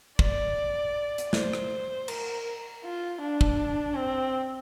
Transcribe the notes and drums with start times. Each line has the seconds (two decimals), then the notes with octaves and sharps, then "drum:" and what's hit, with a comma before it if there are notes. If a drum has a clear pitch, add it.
0.19 D5, drum: kick
1.18 drum: hi-hat
1.33 C5, drum: snare
1.53 drum: rim click
2.08 A#4, drum: cymbal
2.84 F4
3.21 D4
3.41 drum: kick
3.97 C4